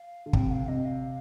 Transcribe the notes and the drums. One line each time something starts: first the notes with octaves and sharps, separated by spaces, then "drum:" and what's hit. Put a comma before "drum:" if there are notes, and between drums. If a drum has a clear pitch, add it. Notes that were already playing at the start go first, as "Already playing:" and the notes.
Already playing: F5
D3
C3 G5, drum: kick
F5
C3 D#5
F5